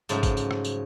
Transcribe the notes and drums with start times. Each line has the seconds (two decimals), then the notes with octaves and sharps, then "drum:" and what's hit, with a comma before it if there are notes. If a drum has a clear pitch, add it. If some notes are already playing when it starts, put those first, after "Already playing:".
0.09 G#2 C#3 F3 F#3 A3, drum: tambourine
0.23 drum: kick G#1, tambourine
0.37 drum: tambourine
0.51 drum: rim click
0.65 drum: tambourine